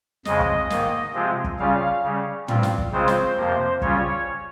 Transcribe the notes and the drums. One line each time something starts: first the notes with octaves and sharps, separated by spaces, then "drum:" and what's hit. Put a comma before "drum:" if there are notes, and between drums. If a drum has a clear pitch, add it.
F2 C#3 G#3 D#5, drum: snare
drum: kick
G#2 D#3 A#3, drum: snare
C3 F3 G#3 C4 F4
drum: kick
C#3 G3 C#4 F4 F5
C#3 G3 C#4
G2 G3 C4 F4, drum: tom
drum: snare
drum: kick
C#3 G#3 C4 F4 C5
drum: snare
F2 C3 F3 A#3
C#3 G3 C#4 F4 C#5, drum: kick